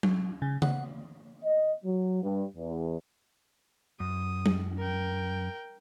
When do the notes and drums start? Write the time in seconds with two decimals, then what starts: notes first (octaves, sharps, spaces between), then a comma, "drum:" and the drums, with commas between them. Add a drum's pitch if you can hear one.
0.03 F#3, drum: tom F#3
0.42 C#3
0.62 F#5, drum: tom C#3
1.43 D#5
1.84 F#3
2.23 G2
2.56 E2
4.00 F#2 D#6
4.46 drum: tom F#3
4.78 A#4 G5